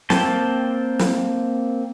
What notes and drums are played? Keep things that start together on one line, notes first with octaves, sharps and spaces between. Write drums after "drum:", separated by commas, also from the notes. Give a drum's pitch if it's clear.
A#3 C4 G5 A5, drum: snare
drum: snare